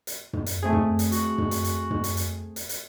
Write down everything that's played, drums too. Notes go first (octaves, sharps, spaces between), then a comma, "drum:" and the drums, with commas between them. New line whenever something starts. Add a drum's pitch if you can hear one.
drum: hi-hat
drum: tom
drum: hi-hat
A3 C4 G#4
drum: tom
drum: hi-hat
F#4, drum: hi-hat
drum: tom
drum: hi-hat
drum: hi-hat
drum: tom
drum: hi-hat
drum: hi-hat
drum: hi-hat
drum: hi-hat